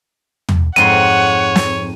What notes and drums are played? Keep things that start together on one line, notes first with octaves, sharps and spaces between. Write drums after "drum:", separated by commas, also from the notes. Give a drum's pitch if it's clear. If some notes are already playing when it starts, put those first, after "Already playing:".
drum: tom
F2 G#2 C#5 F#5 C6 D#7
drum: snare